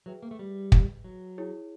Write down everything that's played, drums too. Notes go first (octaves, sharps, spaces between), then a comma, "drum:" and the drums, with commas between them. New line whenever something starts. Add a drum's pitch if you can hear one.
F#3 G#4 B4 E5 G5
A#3
A3
G3
drum: kick
F#3
E4 G#4 C#5